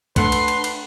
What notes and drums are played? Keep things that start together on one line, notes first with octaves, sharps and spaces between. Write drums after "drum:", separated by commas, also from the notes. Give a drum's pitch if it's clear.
A3 D4 B4 F#5 C6, drum: kick, cymbal
drum: cymbal
drum: cymbal
drum: cymbal